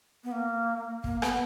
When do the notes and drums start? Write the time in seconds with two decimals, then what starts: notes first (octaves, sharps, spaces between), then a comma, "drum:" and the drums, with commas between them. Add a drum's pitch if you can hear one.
0.24 B3
0.32 A#3
1.04 A#3, drum: kick
1.22 B3, drum: rim click